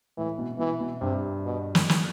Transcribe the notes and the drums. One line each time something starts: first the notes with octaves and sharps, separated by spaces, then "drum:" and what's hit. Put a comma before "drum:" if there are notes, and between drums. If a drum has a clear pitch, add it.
A2 E3
B2
B2 E3
B2
G2 C3
B2
drum: snare
drum: snare